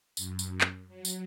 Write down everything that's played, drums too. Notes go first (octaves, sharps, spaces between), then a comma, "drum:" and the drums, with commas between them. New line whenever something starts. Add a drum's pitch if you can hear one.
F#2, drum: tambourine
drum: tambourine
drum: clap
F#3
drum: tambourine